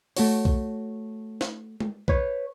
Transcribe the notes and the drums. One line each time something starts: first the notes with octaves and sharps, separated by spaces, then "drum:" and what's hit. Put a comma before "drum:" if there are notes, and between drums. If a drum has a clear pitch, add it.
A3 F#4 C#5, drum: open hi-hat
drum: kick B1
drum: snare
drum: tom G#3
B4 C#5, drum: kick B1